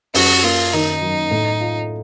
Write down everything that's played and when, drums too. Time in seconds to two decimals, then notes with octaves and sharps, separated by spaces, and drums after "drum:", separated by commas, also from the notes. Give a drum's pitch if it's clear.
0.14 F#2 F#4, drum: open hi-hat
0.44 A#3 F4
0.73 D#3 D#4
1.02 F#3
1.31 A2
1.61 F4